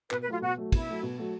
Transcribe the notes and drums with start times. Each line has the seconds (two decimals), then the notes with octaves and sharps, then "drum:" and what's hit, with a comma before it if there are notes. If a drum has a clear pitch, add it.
0.11 B2 B4, drum: clap
0.22 B4
0.27 F#3 A3 F4
0.41 B2 F#4
0.57 F#3 A3
0.72 B2 E4, drum: kick, cymbal
0.88 F#3 A3
1.03 B2
1.18 F#3 A3